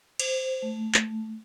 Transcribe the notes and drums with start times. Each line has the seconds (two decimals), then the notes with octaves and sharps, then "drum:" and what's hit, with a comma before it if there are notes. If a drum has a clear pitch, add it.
0.19 C5, drum: cymbal
0.62 A3
0.94 drum: clap